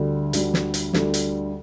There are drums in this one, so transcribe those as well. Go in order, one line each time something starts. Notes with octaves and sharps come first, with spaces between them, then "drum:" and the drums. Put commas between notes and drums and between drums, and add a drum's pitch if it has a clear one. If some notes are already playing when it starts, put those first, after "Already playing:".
Already playing: D2 D3 G3
D2 D3 G3, drum: hi-hat
drum: snare
drum: hi-hat
D2 D3 G3, drum: snare
drum: hi-hat